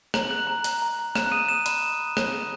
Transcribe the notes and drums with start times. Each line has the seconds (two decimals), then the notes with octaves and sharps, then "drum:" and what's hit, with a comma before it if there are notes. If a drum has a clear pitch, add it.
0.14 A#5 F#7, drum: rim click
0.31 F#6
0.47 A#5
0.64 F#6, drum: hi-hat
0.82 A#5
0.99 A#5
1.15 F#6 E7, drum: rim click
1.32 D#6 D#7
1.49 D#6 E7
1.66 B5, drum: hi-hat
1.83 B5
2.00 D#6
2.17 drum: rim click